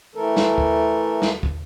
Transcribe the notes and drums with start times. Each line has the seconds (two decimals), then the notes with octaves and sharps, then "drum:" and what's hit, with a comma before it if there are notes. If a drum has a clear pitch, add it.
0.15 E3 A3 A4 A#4
0.37 drum: snare
0.58 drum: kick
1.22 drum: snare
1.43 drum: kick